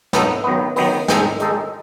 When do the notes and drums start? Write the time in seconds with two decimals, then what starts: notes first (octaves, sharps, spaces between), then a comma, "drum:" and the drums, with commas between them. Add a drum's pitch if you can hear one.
0.13 B2 F#3 B3 D#4 A4, drum: snare
0.44 D#3 F#3 B3
0.76 D#3 F#3 B3, drum: open hi-hat
1.08 D#3 G#3 D#4 A4, drum: snare
1.40 D#3 G#3 D#4 A4, drum: hi-hat